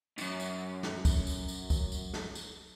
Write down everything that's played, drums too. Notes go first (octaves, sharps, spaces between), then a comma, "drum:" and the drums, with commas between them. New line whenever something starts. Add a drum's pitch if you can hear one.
C#2 F#2, drum: tambourine
drum: tambourine
drum: snare
drum: kick, tambourine
drum: tambourine
drum: tambourine
drum: kick, tambourine
drum: tambourine
drum: snare
drum: tambourine